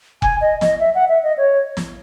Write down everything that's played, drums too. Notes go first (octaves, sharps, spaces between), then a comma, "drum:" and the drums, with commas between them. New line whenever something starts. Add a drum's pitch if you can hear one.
G#5, drum: kick F1
D#5
D#5, drum: snare
E5
F#5
E5
D#5
C#5
drum: snare